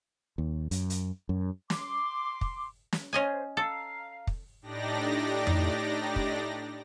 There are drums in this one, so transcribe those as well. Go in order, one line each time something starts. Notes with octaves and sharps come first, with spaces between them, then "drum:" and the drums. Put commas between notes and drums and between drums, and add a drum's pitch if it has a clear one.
D#2
F#2, drum: hi-hat
drum: hi-hat
F#2
C6 D6, drum: snare
drum: kick
drum: snare
C#4 C5 D#5 G#5
A4 F5 A#5
drum: kick
A2 D4 D#4 G4 D5 A#6
drum: tom F2
drum: kick